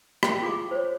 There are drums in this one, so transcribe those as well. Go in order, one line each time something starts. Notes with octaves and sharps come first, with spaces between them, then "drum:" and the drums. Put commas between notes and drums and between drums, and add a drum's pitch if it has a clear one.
G5, drum: rim click
F4 G#4 F5 D6
C5 C#5